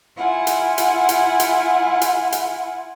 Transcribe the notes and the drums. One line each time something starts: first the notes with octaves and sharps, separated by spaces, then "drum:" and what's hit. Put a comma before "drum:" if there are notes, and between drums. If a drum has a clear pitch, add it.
E4 F4 F#5 G#5
drum: hi-hat
drum: hi-hat
drum: hi-hat
drum: hi-hat
drum: hi-hat
drum: hi-hat